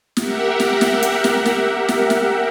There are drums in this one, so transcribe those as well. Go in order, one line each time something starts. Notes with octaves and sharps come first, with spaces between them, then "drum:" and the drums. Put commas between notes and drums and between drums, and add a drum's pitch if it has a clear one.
G4 A#4 E5 F#5, drum: snare
drum: snare
drum: snare
drum: hi-hat
drum: snare
drum: snare
drum: snare
drum: snare